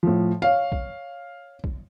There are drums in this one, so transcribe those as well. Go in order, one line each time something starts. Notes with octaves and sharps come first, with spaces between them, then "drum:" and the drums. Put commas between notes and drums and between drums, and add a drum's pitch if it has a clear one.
A2 F3
C#5 F5
drum: kick
drum: kick